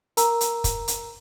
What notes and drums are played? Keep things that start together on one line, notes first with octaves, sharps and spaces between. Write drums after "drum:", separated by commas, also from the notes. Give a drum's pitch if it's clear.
A#4 A#5 E6, drum: hi-hat
drum: hi-hat
drum: kick, hi-hat
drum: hi-hat